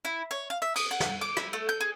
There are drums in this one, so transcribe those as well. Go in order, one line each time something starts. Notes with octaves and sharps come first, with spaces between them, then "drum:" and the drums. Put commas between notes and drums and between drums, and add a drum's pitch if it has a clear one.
E4
C#5
F5
E5
D#6, drum: cymbal
F#5
drum: snare
D6
E4, drum: rim click
A3
G6
G#4